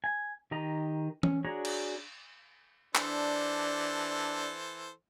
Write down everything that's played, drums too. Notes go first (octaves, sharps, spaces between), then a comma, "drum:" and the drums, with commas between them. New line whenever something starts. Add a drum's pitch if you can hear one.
G#5
D#3 G4 D#5 A#5
C#4, drum: tom E3
D4 F#4 G#4 C#5 A#5
drum: cymbal
E3 D4 A4 C5, drum: clap